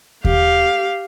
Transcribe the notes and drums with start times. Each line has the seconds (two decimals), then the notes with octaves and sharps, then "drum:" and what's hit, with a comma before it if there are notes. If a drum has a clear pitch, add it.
0.25 G4 F5, drum: kick D#2